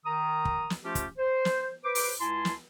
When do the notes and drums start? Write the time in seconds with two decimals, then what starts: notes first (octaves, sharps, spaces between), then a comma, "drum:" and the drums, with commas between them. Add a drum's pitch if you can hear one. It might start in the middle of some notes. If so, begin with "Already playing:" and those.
0.05 D#3 A#5 D#6
0.45 drum: kick
0.70 drum: snare
0.84 F3 A3 C#4 F4 G4
0.95 drum: kick, hi-hat
1.18 C5
1.45 drum: snare
1.85 B4 C5 D6
1.95 drum: open hi-hat
2.20 C#2 E4 G#5 A5 C6
2.45 drum: snare